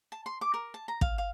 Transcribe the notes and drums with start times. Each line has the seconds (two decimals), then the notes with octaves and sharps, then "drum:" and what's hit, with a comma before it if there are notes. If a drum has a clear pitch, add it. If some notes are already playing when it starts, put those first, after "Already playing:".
0.12 A5
0.26 C6
0.41 D6
0.54 A#4
0.74 A5
0.88 A#5
1.01 F5, drum: kick
1.18 F5